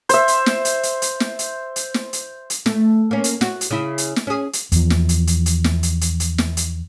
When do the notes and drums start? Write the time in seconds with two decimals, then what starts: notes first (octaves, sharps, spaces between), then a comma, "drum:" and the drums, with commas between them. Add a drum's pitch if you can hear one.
0.09 C5 E5, drum: hi-hat
0.28 drum: hi-hat
0.46 drum: snare
0.65 drum: hi-hat
0.83 drum: hi-hat
1.02 drum: hi-hat
1.20 drum: snare
1.39 drum: hi-hat
1.76 drum: hi-hat
1.94 drum: snare
2.13 drum: hi-hat
2.50 drum: hi-hat
2.66 A3, drum: snare
3.11 A#3 C#4
3.24 drum: hi-hat
3.41 F#4, drum: snare
3.61 drum: hi-hat
3.71 C#3 E4
3.98 drum: hi-hat
4.16 drum: snare
4.27 C#4 G#4
4.53 drum: hi-hat
4.72 E2 F3, drum: hi-hat
4.90 drum: snare
5.09 drum: hi-hat
5.27 drum: hi-hat
5.46 drum: hi-hat
5.64 drum: snare
5.83 drum: hi-hat
6.01 drum: hi-hat
6.20 drum: hi-hat
6.38 drum: snare
6.57 drum: hi-hat